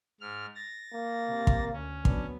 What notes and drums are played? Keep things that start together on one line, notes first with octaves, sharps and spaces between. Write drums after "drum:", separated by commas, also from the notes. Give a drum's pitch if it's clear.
G#2 F6
A6 A#6
A#3
C3
drum: kick
D2 C#4
F#3 B3 D4, drum: kick